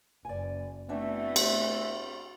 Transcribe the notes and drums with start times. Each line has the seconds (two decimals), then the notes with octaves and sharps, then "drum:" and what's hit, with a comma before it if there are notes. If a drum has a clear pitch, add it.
0.25 F#1 D5 G#5
0.89 E3 A3 B3 C4 D4 F#4
1.36 drum: cymbal